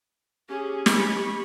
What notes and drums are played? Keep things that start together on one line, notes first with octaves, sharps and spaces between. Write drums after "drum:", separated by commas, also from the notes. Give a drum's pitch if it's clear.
C#4 G4 G#4
B5 C#6, drum: snare